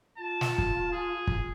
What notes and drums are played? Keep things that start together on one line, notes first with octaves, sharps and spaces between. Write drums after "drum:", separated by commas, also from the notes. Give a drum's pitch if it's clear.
F4 A5
drum: snare
drum: kick
G#4
drum: kick